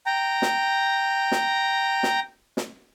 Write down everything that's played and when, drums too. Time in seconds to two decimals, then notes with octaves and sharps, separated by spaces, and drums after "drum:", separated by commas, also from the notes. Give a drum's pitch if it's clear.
0.06 G5 A#5
0.42 drum: snare
1.32 drum: snare
2.03 drum: snare
2.57 drum: snare